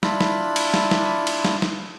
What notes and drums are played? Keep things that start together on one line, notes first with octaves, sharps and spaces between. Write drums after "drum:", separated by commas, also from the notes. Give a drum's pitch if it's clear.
D4 E4 F4 B5, drum: snare
drum: snare
drum: cymbal
drum: snare
drum: snare
drum: cymbal
drum: snare
drum: snare